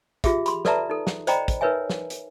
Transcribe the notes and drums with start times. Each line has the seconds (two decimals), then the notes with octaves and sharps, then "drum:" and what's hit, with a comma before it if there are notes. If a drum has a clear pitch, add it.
0.24 F4 G4 G#4 E5, drum: kick, hi-hat
0.46 B5 C6, drum: hi-hat
0.65 A4 B4 D5 E5 A5 A#5, drum: snare
0.90 D#4 A4
1.07 drum: snare
1.27 C5 D5 D#5 G5 A#5 B5, drum: hi-hat
1.48 drum: kick, hi-hat
1.61 D#4 A#4 B4 C#5 E5 G#5
1.90 drum: snare
2.10 drum: hi-hat